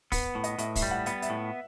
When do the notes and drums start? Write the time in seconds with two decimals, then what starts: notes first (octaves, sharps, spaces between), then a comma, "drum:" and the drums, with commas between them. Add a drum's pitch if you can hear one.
0.12 B3 B4, drum: kick, open hi-hat
0.35 A2
0.44 D#5, drum: hi-hat
0.58 A2 E5, drum: hi-hat
0.76 E5, drum: kick, open hi-hat
0.83 G3
0.91 F#5
1.06 B3 F#5, drum: hi-hat
1.22 E5, drum: hi-hat
1.30 A2